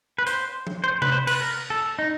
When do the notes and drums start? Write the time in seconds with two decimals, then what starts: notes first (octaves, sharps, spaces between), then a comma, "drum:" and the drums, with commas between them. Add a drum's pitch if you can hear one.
0.18 B4
0.27 C5, drum: hi-hat
0.67 drum: tom F3
0.84 C5
1.02 B4, drum: tom C3
1.12 C5
1.27 B4, drum: cymbal
1.41 A#4
1.70 A4
1.99 D#4